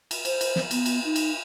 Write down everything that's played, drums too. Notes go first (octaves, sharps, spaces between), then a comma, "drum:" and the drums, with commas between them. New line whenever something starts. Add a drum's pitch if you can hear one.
drum: cymbal
C5, drum: cymbal
drum: cymbal
drum: snare
B3, drum: cymbal
drum: cymbal
D#4
drum: cymbal